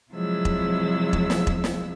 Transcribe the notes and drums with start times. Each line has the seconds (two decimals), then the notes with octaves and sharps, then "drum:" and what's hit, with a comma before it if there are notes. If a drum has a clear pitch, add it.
0.11 C3 F3 F#3 G#3 E4 E6
0.45 drum: kick E1
1.13 drum: kick E1
1.30 drum: snare
1.47 drum: kick E1
1.64 drum: snare